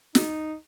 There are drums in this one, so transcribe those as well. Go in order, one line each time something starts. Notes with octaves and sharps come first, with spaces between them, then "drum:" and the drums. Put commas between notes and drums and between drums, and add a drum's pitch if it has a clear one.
D#4, drum: snare